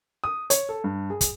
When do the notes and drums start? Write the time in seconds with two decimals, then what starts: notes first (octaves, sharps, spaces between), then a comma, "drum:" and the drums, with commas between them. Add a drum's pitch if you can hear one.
0.24 D#6
0.50 C#5, drum: hi-hat
0.69 A4
0.84 G2
1.10 G#4
1.21 drum: kick, hi-hat